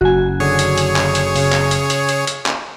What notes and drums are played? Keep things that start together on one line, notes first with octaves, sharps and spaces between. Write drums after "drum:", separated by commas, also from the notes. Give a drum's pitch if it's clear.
F#1 F#4 G#5
D3 G#4 C#5
drum: hi-hat
drum: hi-hat
drum: clap
drum: hi-hat
C#3, drum: open hi-hat
drum: clap
drum: hi-hat
drum: hi-hat
drum: hi-hat
drum: hi-hat
drum: clap